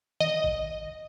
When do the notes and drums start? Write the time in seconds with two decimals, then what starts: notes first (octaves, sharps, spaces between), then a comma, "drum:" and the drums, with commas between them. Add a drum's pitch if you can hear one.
0.20 D#5, drum: tom D#3
0.44 drum: kick